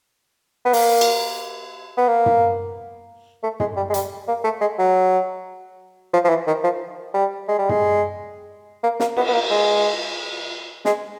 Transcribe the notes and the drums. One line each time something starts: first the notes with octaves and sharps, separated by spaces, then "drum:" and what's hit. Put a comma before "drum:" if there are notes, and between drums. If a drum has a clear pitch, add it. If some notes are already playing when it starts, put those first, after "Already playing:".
B3
A#3, drum: open hi-hat
drum: cymbal
B3
A#3
drum: tom
A3
G#3, drum: tom
G3
G#3
G3, drum: hi-hat
A#3
A3
G#3
F#3
F3
F3
E3
D#3
F3
G3
G#3
G3
G#3, drum: tom
A#3
A#3, drum: snare
B3, drum: cymbal
B3
A#3
G#3
G#3, drum: snare